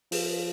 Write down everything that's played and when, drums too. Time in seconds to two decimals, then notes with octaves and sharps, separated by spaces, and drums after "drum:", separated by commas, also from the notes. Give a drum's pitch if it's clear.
0.12 F3, drum: open hi-hat